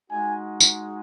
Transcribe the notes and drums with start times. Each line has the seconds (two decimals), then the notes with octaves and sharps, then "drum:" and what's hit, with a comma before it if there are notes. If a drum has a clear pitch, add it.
0.11 G#3 D#4 F#4 G#5
0.60 drum: tambourine